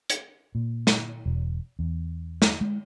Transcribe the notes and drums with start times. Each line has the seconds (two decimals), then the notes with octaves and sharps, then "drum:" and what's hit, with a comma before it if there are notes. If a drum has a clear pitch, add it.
0.10 drum: hi-hat
0.55 A#2
0.87 drum: snare
1.26 E1
1.79 E2
2.42 drum: snare
2.61 G#3